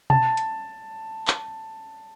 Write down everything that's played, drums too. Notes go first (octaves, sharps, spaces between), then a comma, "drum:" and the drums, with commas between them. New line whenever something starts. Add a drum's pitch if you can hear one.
A5, drum: tom B2
drum: hi-hat
drum: clap